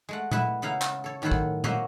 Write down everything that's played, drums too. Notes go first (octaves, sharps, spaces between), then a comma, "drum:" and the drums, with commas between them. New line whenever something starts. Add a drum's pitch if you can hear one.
G#3 A3 F#5
B3 E4 B4 E5, drum: tom A#2
C#3 B3 E4 F5 A#5
drum: clap
A4 C#5
A2 D#3 F#3 E4 C5 F#5
drum: kick
A#3 F#4 C5 C#5 D#5 E5, drum: tom A#2